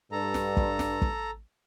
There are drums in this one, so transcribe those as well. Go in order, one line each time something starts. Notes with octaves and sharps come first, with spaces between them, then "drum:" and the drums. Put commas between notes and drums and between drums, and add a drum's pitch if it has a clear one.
G2 A4 A#5
drum: snare
drum: kick
drum: snare
drum: kick